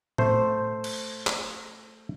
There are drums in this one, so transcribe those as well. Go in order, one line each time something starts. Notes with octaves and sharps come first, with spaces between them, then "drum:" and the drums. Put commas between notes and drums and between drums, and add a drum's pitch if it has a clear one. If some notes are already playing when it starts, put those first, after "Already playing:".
A3 C5, drum: tom A2
drum: cymbal
drum: clap